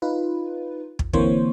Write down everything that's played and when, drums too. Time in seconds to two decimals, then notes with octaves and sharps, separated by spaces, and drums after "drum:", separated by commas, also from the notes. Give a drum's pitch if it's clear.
0.02 D#4 F4 B4
0.99 drum: kick
1.13 D3 E3 A#3 C4 C5 C#5, drum: kick